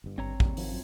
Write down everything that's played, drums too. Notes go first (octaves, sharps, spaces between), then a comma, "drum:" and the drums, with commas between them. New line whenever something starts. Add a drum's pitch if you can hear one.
G1 G2
G#1 C4 C#5 A#5
D#2 G3, drum: kick
D#3 F3 F#3, drum: open hi-hat
F#2 F3